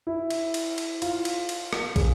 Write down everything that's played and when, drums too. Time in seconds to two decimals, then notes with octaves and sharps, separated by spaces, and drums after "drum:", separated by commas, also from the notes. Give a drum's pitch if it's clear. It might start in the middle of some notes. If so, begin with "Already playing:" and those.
0.07 E4
0.30 drum: cymbal
0.54 drum: cymbal
0.78 drum: cymbal
1.02 F4, drum: cymbal
1.25 drum: cymbal
1.49 drum: cymbal
1.73 drum: rim click
1.96 G#4, drum: kick, cymbal